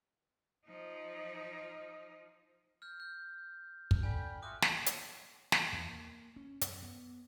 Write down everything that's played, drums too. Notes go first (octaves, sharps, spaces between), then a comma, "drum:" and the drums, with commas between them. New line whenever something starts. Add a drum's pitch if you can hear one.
F3 D#4
F6 G6
G6
drum: kick
D3 G5 G#5 B5
A3 F4 F#4 D6 D#6 F#6
drum: snare
drum: hi-hat
drum: snare
E2
A#3
C#4
F#2, drum: hi-hat
B3